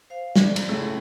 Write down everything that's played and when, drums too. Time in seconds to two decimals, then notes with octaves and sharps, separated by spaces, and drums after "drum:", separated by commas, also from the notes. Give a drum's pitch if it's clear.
0.10 C5 F5
0.36 D5, drum: snare
0.56 drum: cymbal
0.69 A2 C#3 A4 E6